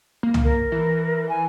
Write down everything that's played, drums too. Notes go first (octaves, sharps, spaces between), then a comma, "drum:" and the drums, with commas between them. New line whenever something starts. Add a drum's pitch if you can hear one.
A#3
drum: tom
A#4
E3
G#5